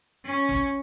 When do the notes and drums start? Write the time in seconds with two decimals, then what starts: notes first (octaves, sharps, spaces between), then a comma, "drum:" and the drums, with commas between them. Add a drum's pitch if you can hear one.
0.25 C#4
0.49 drum: kick